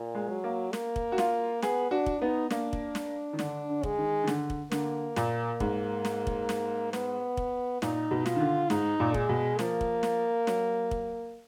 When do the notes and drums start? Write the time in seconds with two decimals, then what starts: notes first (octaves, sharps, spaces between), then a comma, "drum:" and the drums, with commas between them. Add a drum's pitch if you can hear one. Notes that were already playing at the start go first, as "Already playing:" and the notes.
Already playing: A#2
0.15 G#3
0.29 F#3
0.44 A#3
0.73 A#3, drum: snare
0.96 drum: kick
1.12 F#4
1.18 F4, drum: snare
1.62 B3 G#4, drum: snare
1.91 D4 F#4
2.06 drum: kick
2.21 B3 D#4
2.50 A#3 D4, drum: snare
2.73 drum: kick
2.95 drum: snare
3.33 D#3
3.39 D3 D4, drum: snare
3.69 D3
3.83 G#3, drum: kick
3.98 D#3
4.24 D#3
4.27 D3, drum: snare
4.50 drum: kick
4.72 D3 A#3, drum: snare
5.16 A#2, drum: snare
5.60 G#2, drum: kick
6.05 drum: snare
6.27 drum: kick
6.49 drum: snare
6.93 B3, drum: snare
7.37 drum: kick
7.82 A#2 D#4, drum: snare
8.11 B2
8.26 F4, drum: snare
8.36 D#3
8.40 D3
8.70 G#2 D#4, drum: snare
9.00 A#2
9.14 G#3, drum: kick
9.29 B2
9.59 F3 A#3, drum: snare
9.81 drum: kick
10.03 drum: snare
10.47 F#3, drum: snare
10.91 drum: kick